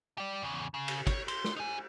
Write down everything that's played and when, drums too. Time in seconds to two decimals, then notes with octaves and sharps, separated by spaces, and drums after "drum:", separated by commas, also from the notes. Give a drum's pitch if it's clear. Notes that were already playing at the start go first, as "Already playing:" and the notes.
0.18 G4 D5
0.42 E2 C#3
0.74 C#3
0.88 drum: cymbal
1.07 C#5, drum: kick, cymbal
1.28 C6, drum: cymbal
1.44 drum: snare
1.56 D#4 G#5